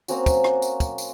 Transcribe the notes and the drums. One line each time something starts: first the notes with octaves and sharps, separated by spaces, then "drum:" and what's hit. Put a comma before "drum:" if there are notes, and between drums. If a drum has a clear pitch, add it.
A#3 C4 C#4 F#4, drum: tambourine
drum: kick, tambourine
drum: rim click
drum: tambourine
drum: kick, tambourine
drum: tambourine